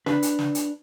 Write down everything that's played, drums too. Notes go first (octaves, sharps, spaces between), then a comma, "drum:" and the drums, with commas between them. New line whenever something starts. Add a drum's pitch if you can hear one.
D4 B4, drum: snare
drum: hi-hat
drum: snare
drum: hi-hat